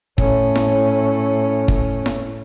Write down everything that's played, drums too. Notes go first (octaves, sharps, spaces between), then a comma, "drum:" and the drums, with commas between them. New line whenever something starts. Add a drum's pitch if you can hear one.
A2 C#4, drum: kick
drum: snare E4
drum: kick
drum: snare E4